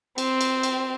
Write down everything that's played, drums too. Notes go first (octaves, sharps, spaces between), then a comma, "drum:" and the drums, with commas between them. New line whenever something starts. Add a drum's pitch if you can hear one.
C4, drum: cymbal
drum: cymbal
drum: cymbal